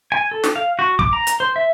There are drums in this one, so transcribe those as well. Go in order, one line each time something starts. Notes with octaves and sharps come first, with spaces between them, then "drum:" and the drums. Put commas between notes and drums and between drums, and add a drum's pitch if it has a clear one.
G#5
A4
drum: snare
F5
F#4
D6, drum: kick
A#5
drum: hi-hat
C5
E5